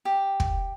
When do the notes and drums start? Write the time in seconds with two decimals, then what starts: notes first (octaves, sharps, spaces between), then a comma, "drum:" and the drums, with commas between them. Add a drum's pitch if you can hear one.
0.05 G4
0.40 drum: kick